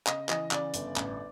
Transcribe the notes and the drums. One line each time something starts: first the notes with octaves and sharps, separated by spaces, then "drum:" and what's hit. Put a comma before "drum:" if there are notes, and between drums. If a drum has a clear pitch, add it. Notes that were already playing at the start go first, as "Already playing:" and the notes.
C#3 D#5, drum: clap
E3 D#5, drum: clap
C#3 D5, drum: clap
G1, drum: hi-hat
A1, drum: clap